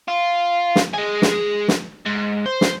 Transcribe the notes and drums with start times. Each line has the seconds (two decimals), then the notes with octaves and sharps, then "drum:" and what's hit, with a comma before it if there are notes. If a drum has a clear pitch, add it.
0.08 F4
0.76 drum: snare
0.93 G#3 G#4
1.22 drum: snare
1.68 drum: snare
2.06 G#2
2.46 C5
2.61 drum: snare